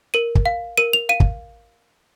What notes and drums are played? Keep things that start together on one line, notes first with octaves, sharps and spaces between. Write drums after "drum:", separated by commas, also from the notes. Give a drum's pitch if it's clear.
A#4 D#7
drum: kick
F5
A#4 D#7
F7
F5 D#7
drum: kick